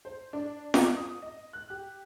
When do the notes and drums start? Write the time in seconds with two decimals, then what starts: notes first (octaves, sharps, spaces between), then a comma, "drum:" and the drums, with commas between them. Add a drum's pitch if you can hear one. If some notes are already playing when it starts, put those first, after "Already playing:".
0.05 C5
0.33 D4
0.74 D6, drum: snare
0.96 D#6
1.22 D#5
1.53 F#6
1.70 G4